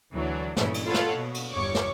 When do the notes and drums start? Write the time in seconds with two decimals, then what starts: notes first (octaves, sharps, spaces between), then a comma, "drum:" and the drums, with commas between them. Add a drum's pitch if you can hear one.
0.12 D2 E3 F#3 D4
0.56 G2 A#2 C#3 E3 A3 E4, drum: snare
0.74 drum: cymbal
0.85 F4 A4 B4 C#5 F5 F#5
0.94 drum: snare
1.14 B2
1.34 drum: cymbal
1.51 G1 E2 G3 C#5 C#6 D6
1.75 drum: snare